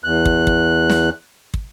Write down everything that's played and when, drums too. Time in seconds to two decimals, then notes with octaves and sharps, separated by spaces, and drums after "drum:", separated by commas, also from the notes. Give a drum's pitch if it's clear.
0.04 E2 F#6
0.25 drum: kick
0.47 drum: kick
0.90 drum: snare
1.54 drum: kick